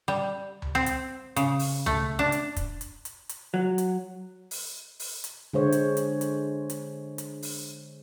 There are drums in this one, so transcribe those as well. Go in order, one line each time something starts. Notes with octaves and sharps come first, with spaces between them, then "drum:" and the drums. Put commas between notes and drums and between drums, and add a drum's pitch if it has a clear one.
G3
drum: tom C#2
C4
drum: hi-hat
C#3, drum: hi-hat
drum: open hi-hat
A3, drum: tom C#2
D4
drum: hi-hat
drum: kick, hi-hat
drum: hi-hat
drum: hi-hat
drum: hi-hat
F#3
drum: hi-hat
drum: open hi-hat
drum: open hi-hat
drum: hi-hat
D3 G#3 C5 C#5
drum: hi-hat
drum: hi-hat
drum: hi-hat
drum: hi-hat
drum: hi-hat
drum: open hi-hat